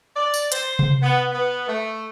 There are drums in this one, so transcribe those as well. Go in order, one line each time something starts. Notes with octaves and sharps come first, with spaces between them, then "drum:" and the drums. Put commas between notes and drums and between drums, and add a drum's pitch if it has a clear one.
D5
drum: tambourine
C5, drum: hi-hat
drum: tom C3
B3
B3
A3